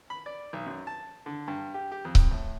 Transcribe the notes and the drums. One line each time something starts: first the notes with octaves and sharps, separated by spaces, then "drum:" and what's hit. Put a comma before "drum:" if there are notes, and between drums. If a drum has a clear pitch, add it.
B5
D5
B1
F#2
A5
D3
G2
G4
G4
F2
drum: kick C#1
A2